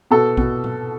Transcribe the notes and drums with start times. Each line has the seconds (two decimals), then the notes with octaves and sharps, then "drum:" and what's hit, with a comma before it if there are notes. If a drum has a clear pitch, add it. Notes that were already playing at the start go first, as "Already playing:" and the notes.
0.11 B2 A4
0.37 B2, drum: kick A#1
0.64 drum: tom A#2